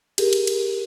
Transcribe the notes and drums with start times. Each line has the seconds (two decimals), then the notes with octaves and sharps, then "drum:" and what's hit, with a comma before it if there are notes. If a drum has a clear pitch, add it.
0.18 G4 G#4 A#4, drum: cymbal
0.33 drum: cymbal
0.47 drum: cymbal